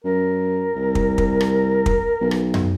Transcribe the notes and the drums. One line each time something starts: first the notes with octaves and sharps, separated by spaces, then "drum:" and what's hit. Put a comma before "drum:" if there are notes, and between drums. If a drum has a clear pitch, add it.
F#2 A#4
C2
drum: kick
drum: kick
drum: rim click
drum: kick
B1
drum: rim click
drum: tom F#2